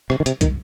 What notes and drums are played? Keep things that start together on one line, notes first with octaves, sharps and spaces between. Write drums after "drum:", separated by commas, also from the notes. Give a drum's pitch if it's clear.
C3, drum: rim click
D#3
C3, drum: hi-hat
D#3, drum: kick, hi-hat